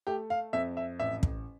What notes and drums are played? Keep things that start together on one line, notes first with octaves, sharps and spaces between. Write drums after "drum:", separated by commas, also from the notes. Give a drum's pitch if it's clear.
A3 G4
F5
F2 E5
E5
A1 E5
drum: kick